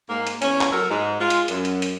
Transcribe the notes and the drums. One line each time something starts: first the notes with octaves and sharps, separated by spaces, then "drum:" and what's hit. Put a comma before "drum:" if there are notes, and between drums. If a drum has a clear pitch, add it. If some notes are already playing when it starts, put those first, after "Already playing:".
G#2 A#3
drum: hi-hat
E2 C#4, drum: hi-hat
drum: clap
F#3 A4 A#4
G#2
G#3 F4
drum: hi-hat
F#2, drum: hi-hat
drum: hi-hat
drum: hi-hat